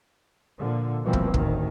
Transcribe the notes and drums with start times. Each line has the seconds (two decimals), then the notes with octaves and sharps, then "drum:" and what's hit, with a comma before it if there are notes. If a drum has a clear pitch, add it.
0.59 A#2 D3 F3
1.03 B2 E3 F3 G3 A#3 C4
1.13 drum: kick
1.34 A1 D2 A2 D#3, drum: kick